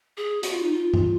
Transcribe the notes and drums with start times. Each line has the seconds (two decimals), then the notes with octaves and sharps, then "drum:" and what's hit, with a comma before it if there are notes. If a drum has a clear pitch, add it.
0.17 G#4
0.43 F#4, drum: hi-hat
0.53 F4
0.63 D#4
0.72 F4
0.94 drum: tom G2